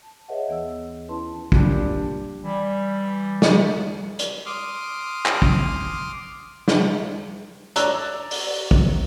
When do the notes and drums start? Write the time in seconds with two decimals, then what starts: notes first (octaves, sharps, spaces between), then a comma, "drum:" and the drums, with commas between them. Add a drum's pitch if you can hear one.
0.02 A5
0.28 G#4 B4 C#5 D#5 E5 F#5
0.48 D#2 E3 B3 D#5 E6
1.08 C#4 E4 B4 A5 C6
1.52 A#2 G3 D4 G4, drum: kick
2.43 E3 G3
3.42 drum: snare
4.19 drum: hi-hat
4.46 C6 D6 D#6 F6
5.26 drum: clap
5.42 drum: kick
6.68 drum: snare
7.76 C#5 D5 A#5 E6 F#6, drum: hi-hat
8.31 drum: open hi-hat
8.71 drum: kick